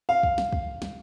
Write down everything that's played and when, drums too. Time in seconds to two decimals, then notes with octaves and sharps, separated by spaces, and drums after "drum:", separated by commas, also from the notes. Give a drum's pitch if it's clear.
0.09 F5
0.23 drum: kick
0.38 drum: snare
0.53 drum: kick
0.82 drum: snare